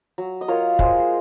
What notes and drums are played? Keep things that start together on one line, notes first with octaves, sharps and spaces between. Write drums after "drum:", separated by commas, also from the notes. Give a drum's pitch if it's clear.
F#3
D#5
F4 A#4 C#5
G#3 G#4 C5, drum: kick